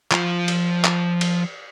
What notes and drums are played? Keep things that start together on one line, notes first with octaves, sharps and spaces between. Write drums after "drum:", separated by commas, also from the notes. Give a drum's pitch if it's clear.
F3 F4, drum: clap
drum: cymbal
drum: clap
drum: cymbal